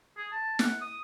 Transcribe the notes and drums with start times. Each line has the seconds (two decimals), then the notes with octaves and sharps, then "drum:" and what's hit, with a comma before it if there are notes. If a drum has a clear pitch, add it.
0.17 G#4
0.32 A5
0.59 F#5, drum: snare
0.81 D#6